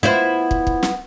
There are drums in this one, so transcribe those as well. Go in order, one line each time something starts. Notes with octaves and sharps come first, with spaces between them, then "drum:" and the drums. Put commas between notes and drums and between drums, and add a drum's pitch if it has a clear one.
B3 E4 F4 C5
drum: kick
drum: kick
drum: snare